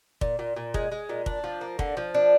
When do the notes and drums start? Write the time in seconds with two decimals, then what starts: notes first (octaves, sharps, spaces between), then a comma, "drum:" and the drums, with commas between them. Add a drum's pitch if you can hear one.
0.21 A#2, drum: kick
0.39 A#2
0.56 A#2
0.74 G#3, drum: kick
0.92 G#3
1.09 A#2
1.26 D4, drum: kick
1.44 F3
1.61 A#3
1.79 D3, drum: kick
1.97 F3
2.14 D4